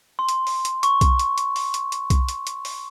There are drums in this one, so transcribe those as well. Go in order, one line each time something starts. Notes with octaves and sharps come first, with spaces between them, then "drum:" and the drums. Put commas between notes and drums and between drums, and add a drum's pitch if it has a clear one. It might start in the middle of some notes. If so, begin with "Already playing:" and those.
C6
drum: hi-hat
drum: open hi-hat
drum: hi-hat
C#6, drum: hi-hat
drum: kick B1, hi-hat
drum: hi-hat
drum: hi-hat
drum: open hi-hat
drum: hi-hat
drum: hi-hat
drum: kick B1, hi-hat
drum: hi-hat
drum: hi-hat
drum: open hi-hat